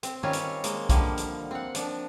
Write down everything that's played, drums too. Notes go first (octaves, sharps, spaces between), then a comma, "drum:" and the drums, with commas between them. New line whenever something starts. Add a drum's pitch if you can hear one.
C4, drum: hi-hat
D#3 G3 C4 C#4 F4 C#5
drum: hi-hat
G#3 A#3, drum: hi-hat
D3 D#3 F3 G3 A#3, drum: kick B1, hi-hat
drum: hi-hat
C4 F#5
F3 D4, drum: hi-hat